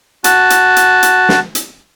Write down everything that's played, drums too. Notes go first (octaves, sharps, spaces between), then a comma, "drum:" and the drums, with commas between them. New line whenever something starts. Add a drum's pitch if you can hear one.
F#4 A5, drum: hi-hat
drum: hi-hat
drum: hi-hat
drum: hi-hat
drum: snare
drum: hi-hat